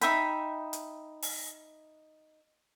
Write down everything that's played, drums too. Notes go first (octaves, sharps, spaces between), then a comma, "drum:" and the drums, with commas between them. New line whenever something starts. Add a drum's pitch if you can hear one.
D#4 E5 G5 B5, drum: hi-hat
drum: hi-hat
drum: open hi-hat